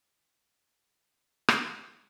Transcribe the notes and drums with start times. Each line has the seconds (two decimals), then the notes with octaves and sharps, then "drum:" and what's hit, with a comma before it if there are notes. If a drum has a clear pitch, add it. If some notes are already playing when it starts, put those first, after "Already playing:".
0.15 D3 E4 A4 C5 F#5
1.48 drum: rim click